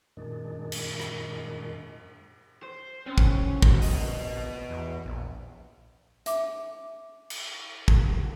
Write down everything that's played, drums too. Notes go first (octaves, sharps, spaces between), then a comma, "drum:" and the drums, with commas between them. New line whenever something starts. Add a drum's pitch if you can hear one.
F#2 A#2 D#3 G#3 D4
drum: cymbal
drum: rim click
C5
C4 C#4
drum: kick
A#2 F#4, drum: kick
A#1 B3 D#5, drum: open hi-hat
E2
A#1
E5 D6, drum: hi-hat
drum: cymbal
drum: kick